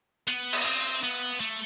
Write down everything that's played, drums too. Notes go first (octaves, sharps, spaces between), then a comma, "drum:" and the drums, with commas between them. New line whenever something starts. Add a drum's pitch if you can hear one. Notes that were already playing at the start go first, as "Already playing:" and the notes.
B3, drum: hi-hat
drum: cymbal
C4
B3
A3